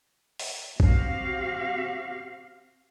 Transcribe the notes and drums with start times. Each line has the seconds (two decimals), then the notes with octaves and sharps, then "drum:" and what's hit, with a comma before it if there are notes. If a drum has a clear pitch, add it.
0.39 drum: open hi-hat
0.80 C4 F#4 G4 F5, drum: kick